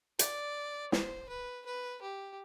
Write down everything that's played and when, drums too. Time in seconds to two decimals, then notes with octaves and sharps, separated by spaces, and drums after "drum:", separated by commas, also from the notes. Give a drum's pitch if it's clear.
0.19 D5, drum: hi-hat
0.92 C5, drum: snare
1.29 B4
1.65 B4
2.02 G4